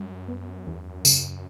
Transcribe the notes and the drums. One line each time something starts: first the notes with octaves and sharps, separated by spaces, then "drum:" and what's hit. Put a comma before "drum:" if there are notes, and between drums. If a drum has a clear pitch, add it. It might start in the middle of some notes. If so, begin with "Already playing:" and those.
Already playing: F#2 G3
B3
E2
C#3, drum: tambourine